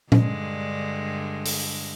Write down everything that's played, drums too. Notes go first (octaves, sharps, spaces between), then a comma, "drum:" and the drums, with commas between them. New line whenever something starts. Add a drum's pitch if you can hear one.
G2 D3 G#3, drum: tom A#2
drum: open hi-hat